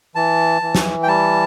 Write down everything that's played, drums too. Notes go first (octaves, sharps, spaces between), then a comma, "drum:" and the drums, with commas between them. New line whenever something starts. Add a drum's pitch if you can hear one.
E3 A5
E3
drum: snare
G5
G3 A5